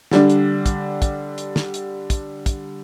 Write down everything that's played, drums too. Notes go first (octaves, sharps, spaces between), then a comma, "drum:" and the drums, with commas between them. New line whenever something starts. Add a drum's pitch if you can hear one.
D3 G3 D4, drum: snare
drum: hi-hat
drum: kick, hi-hat
drum: kick, hi-hat
drum: hi-hat
drum: snare
drum: hi-hat
drum: kick, hi-hat
drum: kick, hi-hat